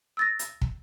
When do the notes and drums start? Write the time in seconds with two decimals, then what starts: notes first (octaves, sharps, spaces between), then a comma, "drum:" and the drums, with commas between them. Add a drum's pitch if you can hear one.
0.17 E6 A6 A#6
0.39 drum: hi-hat
0.62 drum: kick